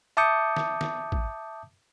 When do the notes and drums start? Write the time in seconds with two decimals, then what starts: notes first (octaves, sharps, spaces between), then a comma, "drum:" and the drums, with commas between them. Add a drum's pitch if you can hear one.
0.17 E5 A5 D6 D#6 G6 C#7
0.56 drum: snare
0.81 drum: snare
1.12 drum: kick